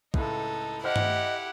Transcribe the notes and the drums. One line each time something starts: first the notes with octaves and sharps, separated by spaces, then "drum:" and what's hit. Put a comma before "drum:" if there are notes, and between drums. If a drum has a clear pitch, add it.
C#2 A2 D#4 A4, drum: kick
E4 G4 C5 D#5 F#5 F6
drum: tom G2